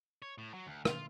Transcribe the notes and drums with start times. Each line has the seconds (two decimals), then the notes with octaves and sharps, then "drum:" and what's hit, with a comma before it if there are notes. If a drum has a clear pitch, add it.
0.22 C#5
0.38 A2
0.54 F#3
0.67 D2
0.85 F4, drum: rim click